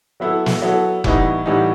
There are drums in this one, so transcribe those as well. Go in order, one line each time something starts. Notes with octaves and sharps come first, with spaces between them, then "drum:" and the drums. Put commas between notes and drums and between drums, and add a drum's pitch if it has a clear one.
F#3 B3 E4 A4
drum: snare
F#3 B3 E4 A4
A2 E3 G3 B3 D#4, drum: kick F1
A2 E3 G3 B3 D#4